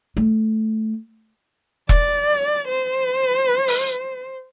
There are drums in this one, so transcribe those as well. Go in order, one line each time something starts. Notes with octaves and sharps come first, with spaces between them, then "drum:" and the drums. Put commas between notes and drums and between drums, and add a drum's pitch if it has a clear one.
A3
D5, drum: kick E1
C5
drum: open hi-hat